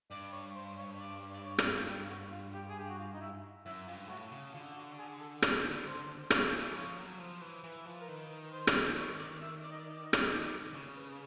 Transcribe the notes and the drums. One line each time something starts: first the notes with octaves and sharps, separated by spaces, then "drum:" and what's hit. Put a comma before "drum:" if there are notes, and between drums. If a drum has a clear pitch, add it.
G2 D5
C#5
C5
C#5
D5
D5
C#5
drum: rim click
G4
F#4
F4
G4
G#4
G4
F#4
F4
D#4
E4
F#2 E4
G2 F4
A2 F#4
C#3 F#4
D3 F4
F#4
G#4
A4
drum: rim click
C5
C5
F3 C#5, drum: rim click
F3
E3
F3 C#5
F#3
F3 C5
E3
E3 B4
F3
A#4
D#3 B4
C5
drum: rim click
C#5
D5
E5
D5
D#5
D5
D#5
D5
D#5
D5, drum: rim click
D#5
D5
D#5
D5
C#3 C#5
B4